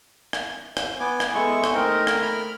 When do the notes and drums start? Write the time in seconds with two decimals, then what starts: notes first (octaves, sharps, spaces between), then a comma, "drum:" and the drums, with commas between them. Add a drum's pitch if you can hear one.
0.33 drum: rim click
0.77 drum: rim click
1.00 B3 G#5 D6
1.20 drum: rim click
1.35 G#3 B3 E4 A4 C#6
1.64 drum: rim click
1.73 A3 C4 D#4 A#4
2.07 drum: rim click
2.22 B5 F6